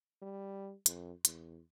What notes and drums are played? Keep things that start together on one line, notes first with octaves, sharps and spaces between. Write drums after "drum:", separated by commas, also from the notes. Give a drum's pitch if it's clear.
G3
F2, drum: hi-hat
E2, drum: hi-hat